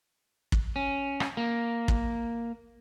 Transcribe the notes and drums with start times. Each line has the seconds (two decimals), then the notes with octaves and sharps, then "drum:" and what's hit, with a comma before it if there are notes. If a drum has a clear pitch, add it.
0.52 drum: kick
0.76 C#4
1.20 drum: rim click
1.37 A#3
1.88 drum: kick